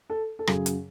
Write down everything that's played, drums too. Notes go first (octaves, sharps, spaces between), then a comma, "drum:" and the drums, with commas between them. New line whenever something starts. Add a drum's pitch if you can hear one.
A4
A4
F#2 C#3 F#3 G#4, drum: rim click
drum: hi-hat